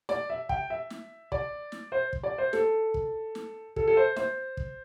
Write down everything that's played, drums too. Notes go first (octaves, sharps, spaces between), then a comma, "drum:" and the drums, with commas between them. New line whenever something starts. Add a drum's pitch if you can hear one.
D5, drum: snare
E5
G5, drum: kick
E5
drum: snare
D5, drum: kick
drum: snare
C5
drum: kick
D5
C5
A4, drum: snare
drum: kick
drum: snare
A4, drum: kick
A4
C5
C5, drum: snare
drum: kick